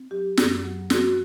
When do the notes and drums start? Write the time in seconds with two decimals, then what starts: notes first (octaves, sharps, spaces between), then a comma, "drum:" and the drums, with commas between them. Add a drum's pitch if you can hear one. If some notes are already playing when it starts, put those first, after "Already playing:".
Already playing: C4
0.11 F#3 G4
0.37 F#2, drum: snare
0.65 F#3
0.90 C4 F#4, drum: snare